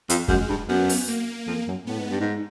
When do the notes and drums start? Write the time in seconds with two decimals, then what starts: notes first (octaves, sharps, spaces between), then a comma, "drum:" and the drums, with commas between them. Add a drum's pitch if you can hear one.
0.10 F2, drum: hi-hat
0.28 F#2 G#3, drum: kick F2
0.49 G2
0.68 F#2 B3
0.89 drum: open hi-hat
1.08 A#3
1.47 F2
1.68 F#2
1.87 A2 B3
1.99 G#2
2.10 G2
2.20 G#2